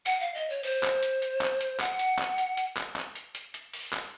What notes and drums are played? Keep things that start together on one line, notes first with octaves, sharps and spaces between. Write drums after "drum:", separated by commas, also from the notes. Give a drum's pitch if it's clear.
F#5, drum: hi-hat
F5
D#5
C#5
C5, drum: open hi-hat
drum: clap
drum: hi-hat
drum: hi-hat
drum: clap
drum: hi-hat
F#5, drum: clap
drum: hi-hat
drum: clap
drum: hi-hat
drum: hi-hat
drum: clap
drum: clap
drum: hi-hat
drum: hi-hat
drum: hi-hat
drum: open hi-hat
drum: clap